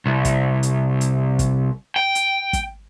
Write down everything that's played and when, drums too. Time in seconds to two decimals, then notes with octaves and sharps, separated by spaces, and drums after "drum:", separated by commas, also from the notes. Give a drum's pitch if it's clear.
0.06 C2
0.25 drum: kick, hi-hat
0.63 drum: hi-hat
1.01 drum: hi-hat
1.39 drum: kick, hi-hat
1.96 G5
2.15 drum: hi-hat
2.53 drum: kick, hi-hat